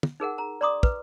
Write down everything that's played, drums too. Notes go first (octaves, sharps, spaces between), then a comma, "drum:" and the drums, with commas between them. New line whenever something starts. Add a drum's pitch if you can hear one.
drum: tom
D#4 G#4 A#4 F#5
A#5
D5 A#5 C6 D6 D#6
B4, drum: kick